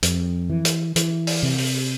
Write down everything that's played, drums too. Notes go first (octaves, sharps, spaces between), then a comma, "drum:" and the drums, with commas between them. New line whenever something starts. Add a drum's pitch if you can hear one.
F2, drum: hi-hat
E3
drum: hi-hat
E3, drum: hi-hat
drum: open hi-hat
C3
drum: open hi-hat